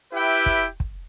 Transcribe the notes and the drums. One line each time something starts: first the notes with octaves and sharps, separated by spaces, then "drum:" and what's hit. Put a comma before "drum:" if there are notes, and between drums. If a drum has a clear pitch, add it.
E4 G4 B4 E5 G5
drum: kick
drum: kick